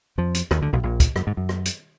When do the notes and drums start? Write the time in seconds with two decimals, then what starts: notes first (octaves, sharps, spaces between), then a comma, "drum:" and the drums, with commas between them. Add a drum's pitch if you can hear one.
0.18 F2 F3
0.34 drum: hi-hat
0.51 D#2 D#3, drum: rim click
0.62 D2 D3
0.73 B1 B2
0.83 A#1 A#2
1.00 drum: kick, hi-hat
1.16 F#2, drum: rim click
1.27 G#2
1.37 F#2
1.49 drum: rim click
1.65 drum: hi-hat